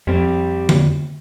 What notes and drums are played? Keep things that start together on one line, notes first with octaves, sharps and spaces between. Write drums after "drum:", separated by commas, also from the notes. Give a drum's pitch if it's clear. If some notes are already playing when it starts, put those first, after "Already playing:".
F2 G3 C4
drum: tom D3